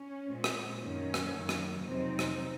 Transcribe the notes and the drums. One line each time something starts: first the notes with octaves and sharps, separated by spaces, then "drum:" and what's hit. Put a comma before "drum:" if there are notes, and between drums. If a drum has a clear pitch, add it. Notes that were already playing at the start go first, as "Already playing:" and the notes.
Already playing: C#4
A#2 G#3 C4
drum: rim click
F#2 D#3 A#3 C#4
drum: rim click
F#2 D#3 A#3
drum: rim click
F2 C3 F#3 C4 D#4
drum: rim click